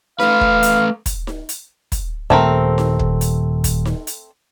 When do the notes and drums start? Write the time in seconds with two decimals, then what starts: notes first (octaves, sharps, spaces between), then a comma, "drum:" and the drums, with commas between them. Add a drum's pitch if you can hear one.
0.20 A3 B4 F5, drum: snare D#4
0.41 drum: kick
0.63 drum: hi-hat
1.06 drum: kick, hi-hat
1.27 drum: snare D#4
1.49 drum: hi-hat
1.92 drum: kick, hi-hat
2.30 D#1 A3 C4 A#4
2.78 drum: snare D#4
2.99 drum: kick
3.21 drum: hi-hat
3.64 drum: kick, hi-hat
3.85 drum: snare D#4
4.07 drum: hi-hat